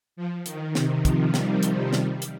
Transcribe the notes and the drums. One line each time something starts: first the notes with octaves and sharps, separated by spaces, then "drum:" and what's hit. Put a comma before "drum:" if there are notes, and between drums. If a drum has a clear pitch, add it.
F3
D#3, drum: hi-hat
C3, drum: snare
F3, drum: kick, hi-hat
G3, drum: snare
G3, drum: hi-hat
G3, drum: snare
drum: hi-hat